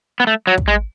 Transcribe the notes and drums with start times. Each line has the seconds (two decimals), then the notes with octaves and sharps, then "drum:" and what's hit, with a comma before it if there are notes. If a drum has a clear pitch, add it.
0.20 B3
0.27 A3
0.47 F#3
0.58 drum: kick
0.68 G#3